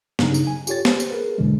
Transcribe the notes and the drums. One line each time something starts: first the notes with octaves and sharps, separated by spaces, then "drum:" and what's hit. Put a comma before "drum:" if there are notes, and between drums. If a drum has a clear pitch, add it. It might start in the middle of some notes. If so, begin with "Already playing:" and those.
G2 C#3 F#3 D#4, drum: snare
drum: tambourine
G#5
F4 G4 A4 C#5 A6, drum: tambourine
G4 B4 C5, drum: snare
drum: tambourine
G#4 A#4 B4
B1 E2 B2 D3 E3 G#3